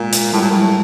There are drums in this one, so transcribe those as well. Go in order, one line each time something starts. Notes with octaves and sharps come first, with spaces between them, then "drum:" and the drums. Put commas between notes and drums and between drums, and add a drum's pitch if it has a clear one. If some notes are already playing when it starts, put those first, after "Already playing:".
Already playing: A#2 G#3
drum: hi-hat
A2 G3
A#2
A2 F#3